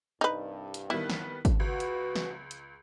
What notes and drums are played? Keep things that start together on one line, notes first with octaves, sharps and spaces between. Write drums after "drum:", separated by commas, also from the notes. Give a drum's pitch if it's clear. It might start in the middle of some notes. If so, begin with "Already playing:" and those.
C2 G2 D#4 B4
drum: hi-hat
D#3 G3 B3 E4
drum: snare
drum: kick G#1, hi-hat
C#2 F#4 B4
drum: hi-hat
drum: snare
drum: hi-hat